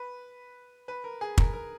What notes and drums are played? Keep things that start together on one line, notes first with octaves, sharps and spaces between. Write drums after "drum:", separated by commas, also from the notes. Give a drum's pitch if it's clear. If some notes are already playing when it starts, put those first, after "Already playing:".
Already playing: B4
B4
A#4
G#4
A#4, drum: kick
A#4